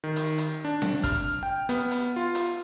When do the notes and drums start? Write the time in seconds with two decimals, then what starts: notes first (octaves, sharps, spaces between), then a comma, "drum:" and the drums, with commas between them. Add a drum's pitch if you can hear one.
0.04 D#3
0.16 drum: hi-hat
0.38 drum: hi-hat
0.65 D4
0.82 drum: snare C4
1.04 F6, drum: kick, hi-hat
1.43 G5
1.69 B3, drum: hi-hat
1.91 drum: hi-hat
2.16 F4
2.35 drum: hi-hat